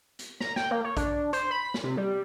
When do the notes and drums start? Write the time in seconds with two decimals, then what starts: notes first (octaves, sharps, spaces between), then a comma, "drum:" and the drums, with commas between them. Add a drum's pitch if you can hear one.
0.19 drum: hi-hat
0.40 A#5, drum: snare
0.56 G5, drum: snare
0.71 A#3
0.84 C#5
0.97 D4, drum: kick, hi-hat
1.33 C5, drum: hi-hat
1.51 B5
1.74 drum: snare
1.84 C3
1.97 G3